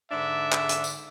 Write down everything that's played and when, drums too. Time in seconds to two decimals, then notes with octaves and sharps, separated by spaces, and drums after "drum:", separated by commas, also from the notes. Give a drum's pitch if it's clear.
0.11 G#2 D3 D4 E5
0.52 drum: clap
0.69 drum: hi-hat
0.84 drum: tambourine